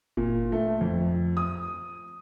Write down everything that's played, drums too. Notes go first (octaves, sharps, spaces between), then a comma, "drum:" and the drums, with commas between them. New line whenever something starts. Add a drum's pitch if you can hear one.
A#2, drum: kick G1
A3
F2
D#6